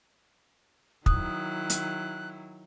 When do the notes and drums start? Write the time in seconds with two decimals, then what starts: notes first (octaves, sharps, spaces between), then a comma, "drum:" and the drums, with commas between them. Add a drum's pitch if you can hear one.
1.06 D#3 F#3 E4 D#6 F#6, drum: kick
1.70 drum: hi-hat